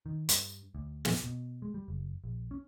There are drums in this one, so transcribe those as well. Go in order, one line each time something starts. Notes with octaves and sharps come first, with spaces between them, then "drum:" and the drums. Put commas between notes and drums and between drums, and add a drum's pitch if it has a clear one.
D#3
G2, drum: hi-hat
D2
drum: snare
B2
G#3
G3
F#1
A#1
C#4